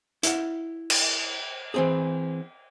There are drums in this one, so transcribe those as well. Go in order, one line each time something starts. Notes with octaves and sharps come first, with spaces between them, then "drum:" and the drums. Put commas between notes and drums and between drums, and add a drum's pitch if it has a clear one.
E4 F#5, drum: hi-hat
drum: cymbal
E3 C4 G#4